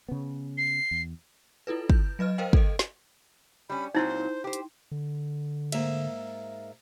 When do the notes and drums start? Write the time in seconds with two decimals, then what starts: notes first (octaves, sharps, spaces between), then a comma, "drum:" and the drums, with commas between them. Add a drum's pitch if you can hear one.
0.09 C#3 B3
0.58 C7
0.91 E2
1.67 E4 F4 A4 B4
1.90 G6, drum: kick
2.19 F#3 B4 D#5 F6
2.38 A#4 C5 D#5 F5 G5
2.53 A4 D#5, drum: kick
2.79 drum: snare
3.70 G3 C#4 B5
3.95 A#2 F#3 C4 D#4 E4 C5
4.44 G4 C5
4.53 drum: hi-hat
4.91 D3
5.72 G#2 A#3 E5, drum: cymbal